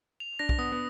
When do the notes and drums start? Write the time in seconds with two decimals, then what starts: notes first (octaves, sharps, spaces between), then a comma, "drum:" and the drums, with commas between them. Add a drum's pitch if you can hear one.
0.20 F7
0.39 D4 A#6
0.49 drum: kick B1
0.58 B3 D#6
0.72 B3